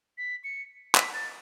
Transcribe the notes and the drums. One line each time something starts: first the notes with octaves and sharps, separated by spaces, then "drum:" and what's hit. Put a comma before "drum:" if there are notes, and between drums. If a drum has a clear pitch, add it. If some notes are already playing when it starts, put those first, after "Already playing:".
B6
C#7
B6, drum: clap
A6